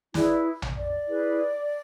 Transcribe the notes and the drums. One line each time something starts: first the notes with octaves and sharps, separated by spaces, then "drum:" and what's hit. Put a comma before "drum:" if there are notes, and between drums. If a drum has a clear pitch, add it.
E4 G#4 B4 D5, drum: snare
drum: tom A#1
D5
E4 G#4 B4